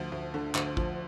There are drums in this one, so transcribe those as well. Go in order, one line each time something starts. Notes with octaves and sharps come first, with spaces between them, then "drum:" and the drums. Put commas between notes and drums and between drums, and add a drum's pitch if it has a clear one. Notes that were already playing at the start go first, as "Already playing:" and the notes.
Already playing: D2 F3
D2
D3
D2, drum: clap
F3, drum: kick